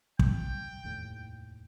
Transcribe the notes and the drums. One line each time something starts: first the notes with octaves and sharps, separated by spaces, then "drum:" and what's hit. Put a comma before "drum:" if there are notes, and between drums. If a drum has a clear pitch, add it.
G5, drum: kick
F1 D#2 A2